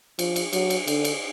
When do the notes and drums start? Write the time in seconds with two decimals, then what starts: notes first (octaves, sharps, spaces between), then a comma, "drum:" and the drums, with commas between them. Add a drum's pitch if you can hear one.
0.19 F3, drum: cymbal
0.36 drum: cymbal
0.53 F#3, drum: cymbal
0.70 drum: cymbal
0.87 D3, drum: cymbal
1.05 drum: cymbal